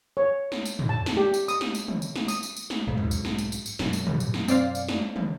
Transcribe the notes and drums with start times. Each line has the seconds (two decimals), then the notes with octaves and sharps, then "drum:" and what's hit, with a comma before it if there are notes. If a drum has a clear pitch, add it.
0.17 C#5
0.52 drum: snare
0.65 drum: tambourine
0.79 drum: tom
0.89 A5
1.06 drum: snare
1.17 G4
1.34 drum: tambourine
1.48 D#6, drum: tambourine
1.61 drum: snare
1.75 drum: tambourine
1.88 drum: tom
2.02 drum: tambourine
2.16 drum: snare
2.28 D#6, drum: tambourine
2.43 drum: tambourine
2.57 drum: tambourine
2.70 drum: snare
2.87 B1 G#2
2.97 drum: tom
3.11 drum: tambourine
3.25 drum: snare
3.38 drum: tambourine
3.52 drum: tambourine
3.66 drum: tambourine
3.79 F#2 B2 F#3, drum: snare
3.93 drum: tambourine
4.07 drum: tom
4.20 drum: tambourine
4.34 drum: snare
4.48 C4 D5 F5, drum: tambourine
4.75 drum: tambourine
4.89 drum: snare
5.16 drum: tom